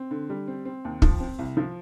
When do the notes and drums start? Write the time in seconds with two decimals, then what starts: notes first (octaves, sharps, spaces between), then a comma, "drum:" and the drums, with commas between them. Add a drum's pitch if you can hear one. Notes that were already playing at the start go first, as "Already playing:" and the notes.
Already playing: C4
0.11 D3
0.30 G3
0.47 C4
0.65 C4
0.85 D#2
1.02 F3, drum: kick
1.20 C4
1.39 C2
1.57 F3